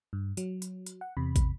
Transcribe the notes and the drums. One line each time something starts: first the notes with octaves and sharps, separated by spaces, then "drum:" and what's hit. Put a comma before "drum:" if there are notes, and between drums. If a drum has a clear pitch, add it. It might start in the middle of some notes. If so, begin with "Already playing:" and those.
G2
F#3, drum: hi-hat
drum: hi-hat
drum: hi-hat
F#5
E2 C3 B5
drum: kick, hi-hat